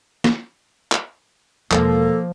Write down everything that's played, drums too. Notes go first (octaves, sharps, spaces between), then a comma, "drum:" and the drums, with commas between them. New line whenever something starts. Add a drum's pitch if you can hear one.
drum: snare
drum: clap
E1 F3 A#3 E4 A4, drum: clap